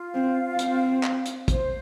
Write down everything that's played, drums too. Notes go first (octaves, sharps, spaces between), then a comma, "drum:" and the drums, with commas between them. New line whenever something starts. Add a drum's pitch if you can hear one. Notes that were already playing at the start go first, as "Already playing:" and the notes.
Already playing: F4 F5
C4
C4, drum: hi-hat
drum: clap
drum: hi-hat
C5, drum: kick, hi-hat